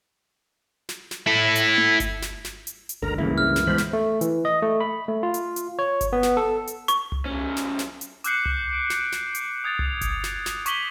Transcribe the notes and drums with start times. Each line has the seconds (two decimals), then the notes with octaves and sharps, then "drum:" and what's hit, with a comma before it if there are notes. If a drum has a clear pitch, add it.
0.89 drum: snare
1.11 drum: snare
1.27 E4 A4
1.55 drum: hi-hat
1.78 drum: tom A3
2.00 drum: kick G1, hi-hat
2.22 drum: snare
2.45 drum: snare
2.67 drum: hi-hat
2.89 drum: hi-hat
3.02 G1 D2 D3 A#4 A#5
3.18 C#2 G2 C#3 E3 A#3 E4
3.38 F6
3.56 drum: snare
3.67 E3 G#3 B3 C5 B5
3.78 drum: snare
3.93 A3
4.21 E3, drum: hi-hat
4.45 D#5
4.62 A3
4.80 B5
5.08 A3
5.23 F4
5.34 drum: hi-hat
5.56 drum: hi-hat
5.79 C#5
6.01 drum: kick G1, hi-hat
6.13 B3
6.23 drum: snare
6.37 A4
6.67 drum: hi-hat
6.88 C#6, drum: hi-hat
7.12 drum: tom C2
7.25 B1 C#4
7.56 drum: snare
7.79 drum: snare
8.01 drum: hi-hat
8.24 D6 E6 F#6 G6 C7 C#7, drum: hi-hat
8.46 drum: tom C2
8.73 D7
8.90 drum: snare
9.12 drum: snare
9.35 drum: hi-hat
9.64 D#6 G#6 A6 F7
9.79 drum: tom C2
10.01 drum: kick G1, hi-hat
10.24 drum: snare
10.46 drum: snare
10.66 C#6 D6 B6 F#7 G7, drum: hi-hat